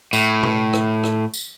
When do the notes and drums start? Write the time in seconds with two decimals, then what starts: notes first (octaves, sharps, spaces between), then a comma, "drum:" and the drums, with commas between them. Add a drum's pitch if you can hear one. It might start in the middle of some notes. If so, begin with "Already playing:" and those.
0.13 A2, drum: tambourine
0.43 drum: tom
0.73 drum: rim click
1.03 drum: rim click
1.34 drum: tambourine